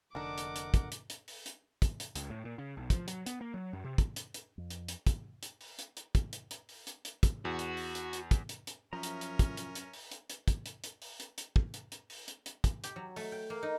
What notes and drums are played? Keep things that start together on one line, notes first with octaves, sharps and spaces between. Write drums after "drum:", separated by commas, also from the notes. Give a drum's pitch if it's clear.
F1 D3 D4 D#4 A#4 F#5 D6
drum: hi-hat
drum: hi-hat
drum: kick, hi-hat
drum: hi-hat
drum: hi-hat
drum: open hi-hat
drum: hi-hat
drum: kick, hi-hat
drum: hi-hat
C#2, drum: hi-hat
A2
A#2
C#3
B1
F3, drum: kick, hi-hat
F#3, drum: hi-hat
B3, drum: hi-hat
A#3
F#3
F#2
C3
drum: kick, hi-hat
drum: hi-hat
drum: hi-hat
F2
drum: hi-hat
drum: hi-hat
drum: kick, hi-hat
drum: hi-hat
drum: open hi-hat
drum: hi-hat
drum: hi-hat
drum: kick, hi-hat
drum: hi-hat
drum: hi-hat
drum: open hi-hat
drum: hi-hat
drum: hi-hat
drum: kick, hi-hat
E2 F#4
drum: hi-hat
drum: open hi-hat
drum: hi-hat
drum: hi-hat
drum: kick, hi-hat
drum: hi-hat
drum: hi-hat
F#2 F3 C#4 A#4 E5 A#5
drum: hi-hat
drum: hi-hat
drum: kick, hi-hat
drum: hi-hat
drum: hi-hat
drum: open hi-hat
drum: hi-hat
drum: hi-hat
drum: kick, hi-hat
drum: hi-hat
drum: hi-hat
drum: open hi-hat
drum: hi-hat
drum: hi-hat
drum: kick
drum: hi-hat
drum: hi-hat
drum: open hi-hat
drum: hi-hat
drum: hi-hat
drum: kick, hi-hat
G4, drum: hi-hat
F#3
A3, drum: open hi-hat
G5
A#3
D#4